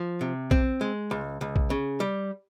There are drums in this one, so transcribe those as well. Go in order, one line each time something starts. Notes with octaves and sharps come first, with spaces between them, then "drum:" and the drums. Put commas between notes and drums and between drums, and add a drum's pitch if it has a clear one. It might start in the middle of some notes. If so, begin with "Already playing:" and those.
Already playing: F3
C3
C4, drum: kick B1
G#3
C#2
C#2
drum: kick B1
C#3
G3